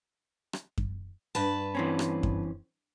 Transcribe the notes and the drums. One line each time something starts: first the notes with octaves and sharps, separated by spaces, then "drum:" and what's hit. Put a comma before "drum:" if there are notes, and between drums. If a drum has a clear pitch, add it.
drum: rim click
drum: kick F#2
G2 B4 A5
E3 C4 C#4
drum: rim click
drum: kick F#2